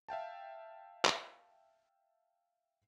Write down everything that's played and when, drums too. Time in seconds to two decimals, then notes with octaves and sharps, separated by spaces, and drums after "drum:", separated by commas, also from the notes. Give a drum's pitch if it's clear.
0.09 E5 F5 G5 A5
1.05 drum: clap